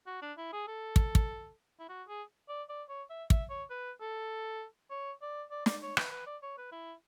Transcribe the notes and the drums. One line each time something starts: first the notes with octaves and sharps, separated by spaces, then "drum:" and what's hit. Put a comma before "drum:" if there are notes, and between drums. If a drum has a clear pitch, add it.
F#4
D4
E4
G#4
A4
drum: kick
drum: kick
E4
F#4
G#4
D5
D5
C#5
E5
E5, drum: kick
C#5
B4
A4
C#5
D5
D5
D5, drum: snare
C#5
B4, drum: rim click
B4
D5
C#5
B4
E4